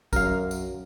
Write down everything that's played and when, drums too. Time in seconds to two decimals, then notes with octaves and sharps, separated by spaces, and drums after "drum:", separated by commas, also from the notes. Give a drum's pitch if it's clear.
0.13 F#2 A#4 F5, drum: kick, tambourine
0.51 drum: tambourine